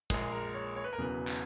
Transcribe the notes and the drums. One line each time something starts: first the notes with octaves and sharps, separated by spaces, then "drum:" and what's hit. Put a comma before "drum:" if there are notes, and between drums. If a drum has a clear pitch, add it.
A#1 A#2 G#3 G#4, drum: kick, hi-hat
A#4
C#5
C#5
B4
A#4
E1 E2 C#3 F#3 B4
drum: clap